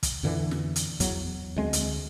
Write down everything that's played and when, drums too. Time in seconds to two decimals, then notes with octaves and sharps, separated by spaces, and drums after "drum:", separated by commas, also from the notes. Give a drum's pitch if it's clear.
0.03 drum: kick, hi-hat
0.23 F2 A#2 D3 E3
0.51 drum: snare
0.76 drum: hi-hat
1.00 E2 F#3, drum: kick, hi-hat
1.56 D2 G#3 C4
1.73 drum: hi-hat